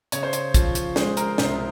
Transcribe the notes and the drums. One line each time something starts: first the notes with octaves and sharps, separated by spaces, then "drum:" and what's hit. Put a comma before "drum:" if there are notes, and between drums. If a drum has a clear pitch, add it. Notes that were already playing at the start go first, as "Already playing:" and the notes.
C#3 C#5, drum: hi-hat
C5
C#5, drum: hi-hat
F3, drum: kick, hi-hat
drum: hi-hat
G#3 C5, drum: snare
A#4, drum: hi-hat
C2 C5, drum: snare